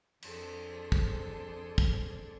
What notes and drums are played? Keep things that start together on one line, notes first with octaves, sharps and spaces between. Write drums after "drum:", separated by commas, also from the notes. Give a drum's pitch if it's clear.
F2 D4 G#4 A4 C5, drum: cymbal
drum: kick
drum: kick